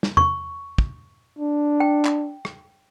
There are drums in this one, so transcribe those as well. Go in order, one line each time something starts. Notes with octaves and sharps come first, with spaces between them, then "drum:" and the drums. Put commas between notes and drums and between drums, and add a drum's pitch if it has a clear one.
drum: snare
C#6, drum: tom E2
drum: kick
D4
G5
drum: clap
drum: rim click